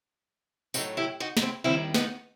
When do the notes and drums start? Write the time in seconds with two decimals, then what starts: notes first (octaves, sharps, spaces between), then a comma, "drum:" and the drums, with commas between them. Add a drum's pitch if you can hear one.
0.74 A2 F#3 A3 D#4 F#4, drum: tambourine
0.97 E4 G4
1.20 D#4 F#4
1.37 D#4, drum: snare
1.42 C4 E4
1.64 D#2 D#3 G3 C4 E4
1.94 B3 D#4, drum: snare